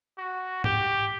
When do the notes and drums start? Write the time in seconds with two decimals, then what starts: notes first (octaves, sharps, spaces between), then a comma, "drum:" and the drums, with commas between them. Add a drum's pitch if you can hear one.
0.18 F#4
0.64 G4, drum: tom G#2